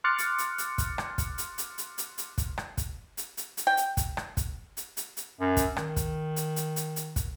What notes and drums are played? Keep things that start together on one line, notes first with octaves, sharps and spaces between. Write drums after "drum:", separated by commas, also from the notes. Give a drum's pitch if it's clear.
C6 D6 F6 F#6 A6 C#7
drum: hi-hat
drum: hi-hat
drum: hi-hat
drum: kick, hi-hat
drum: rim click
drum: kick, hi-hat
drum: hi-hat
drum: hi-hat
drum: hi-hat
drum: hi-hat
drum: hi-hat
drum: kick, hi-hat
drum: rim click
drum: kick, hi-hat
drum: hi-hat
drum: hi-hat
drum: hi-hat
G5
drum: hi-hat
drum: kick, hi-hat
drum: rim click
drum: kick, hi-hat
drum: hi-hat
drum: hi-hat
drum: hi-hat
F#2
drum: kick, hi-hat
D#3, drum: rim click
drum: kick, hi-hat
drum: hi-hat
drum: hi-hat
drum: hi-hat
drum: hi-hat
drum: kick, hi-hat